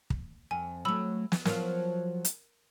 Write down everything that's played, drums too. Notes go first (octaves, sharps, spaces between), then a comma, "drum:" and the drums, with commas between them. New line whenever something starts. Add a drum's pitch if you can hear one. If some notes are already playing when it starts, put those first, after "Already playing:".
drum: kick
F2 G#5
F#3 A3 B5 E6
drum: snare
F3 F#3 F4 A#4, drum: snare
drum: hi-hat